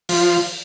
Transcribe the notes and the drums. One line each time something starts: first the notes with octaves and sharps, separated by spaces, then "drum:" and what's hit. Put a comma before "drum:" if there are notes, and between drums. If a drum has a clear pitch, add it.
F3, drum: open hi-hat